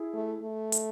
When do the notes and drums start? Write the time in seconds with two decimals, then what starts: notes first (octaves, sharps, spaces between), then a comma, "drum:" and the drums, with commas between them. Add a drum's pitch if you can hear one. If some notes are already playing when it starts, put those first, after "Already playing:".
Already playing: E4 G#4
0.13 A3
0.42 A3
0.72 drum: hi-hat